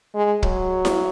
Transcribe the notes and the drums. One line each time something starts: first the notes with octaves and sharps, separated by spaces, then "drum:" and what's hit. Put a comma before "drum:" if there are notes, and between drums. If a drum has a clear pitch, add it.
G#3
F#3, drum: kick
drum: snare E4